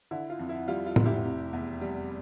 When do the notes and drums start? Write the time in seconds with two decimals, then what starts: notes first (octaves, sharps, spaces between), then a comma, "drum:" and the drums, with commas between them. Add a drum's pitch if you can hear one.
0.11 D3 E4
0.30 F4
0.39 F2
0.49 E4
0.68 G3 F4
0.86 F4
0.96 F1, drum: tom
1.06 E4 G4
1.25 C3
1.53 E2
1.81 G3